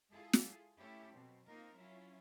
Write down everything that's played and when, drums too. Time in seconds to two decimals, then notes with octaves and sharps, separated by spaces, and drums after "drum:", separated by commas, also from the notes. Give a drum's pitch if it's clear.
0.11 G#3 E4 F4 G#4 A4
0.33 drum: snare
0.77 A3 C#4 E4 G4 A4
1.13 B2 F#3 C4
1.46 A#3 C4 D#4 F4 A#4
1.76 F#3 C#4 E4 F4